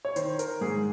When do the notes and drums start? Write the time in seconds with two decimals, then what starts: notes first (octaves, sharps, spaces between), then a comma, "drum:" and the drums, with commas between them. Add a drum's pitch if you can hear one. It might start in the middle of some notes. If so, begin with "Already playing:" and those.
0.05 C#5
0.16 D#3 C5, drum: hi-hat
0.39 A#4, drum: hi-hat
0.61 G#2 G#4